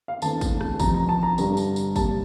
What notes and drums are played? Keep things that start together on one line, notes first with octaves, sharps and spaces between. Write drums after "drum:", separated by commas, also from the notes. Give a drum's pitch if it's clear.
F5
E2 D3 A3 C4 A5, drum: tambourine
drum: kick, tambourine
drum: rim click
F2 C3 F3 A#5, drum: kick, tambourine
A#5
A5
A#5
G2 D3 G3 A#5, drum: tambourine
drum: tambourine
drum: tambourine
C3 G3 A#3 A5, drum: kick, tambourine